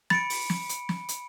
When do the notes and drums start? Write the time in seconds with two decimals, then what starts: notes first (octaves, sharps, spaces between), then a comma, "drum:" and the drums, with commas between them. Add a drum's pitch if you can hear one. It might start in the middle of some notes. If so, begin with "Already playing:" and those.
0.10 B5 A6 C#7 D7, drum: snare
0.30 drum: open hi-hat
0.50 drum: snare
0.69 drum: hi-hat
0.89 drum: snare
1.09 drum: hi-hat